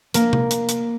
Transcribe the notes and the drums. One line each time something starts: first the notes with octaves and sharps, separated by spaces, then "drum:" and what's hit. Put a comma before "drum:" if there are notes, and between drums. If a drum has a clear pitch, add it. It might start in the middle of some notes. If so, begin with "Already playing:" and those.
A#3, drum: hi-hat
drum: tom C3
drum: hi-hat
drum: hi-hat